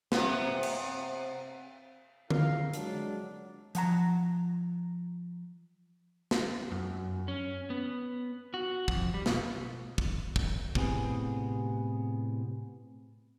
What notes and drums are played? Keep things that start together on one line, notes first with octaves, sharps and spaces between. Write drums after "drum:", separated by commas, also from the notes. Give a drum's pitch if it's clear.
C3 B3, drum: snare
drum: cymbal
E4 F4 G#4 A#4 F5, drum: tom D3
F2 F#3 G#3 D4, drum: hi-hat
F3 F#5 A#5, drum: hi-hat
drum: snare
F#2
C#4
B3
F#4
F2, drum: kick
G3
B2, drum: snare
drum: kick
drum: kick
A2 C3 B3 G#4, drum: kick